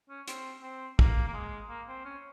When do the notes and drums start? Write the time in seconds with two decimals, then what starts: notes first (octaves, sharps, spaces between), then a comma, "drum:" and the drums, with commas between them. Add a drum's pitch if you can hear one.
0.09 C#4
0.28 C4, drum: hi-hat
0.62 C4
0.99 A#3, drum: kick
1.28 A#3
1.34 G#3
1.69 A#3
1.88 C4
2.05 C#4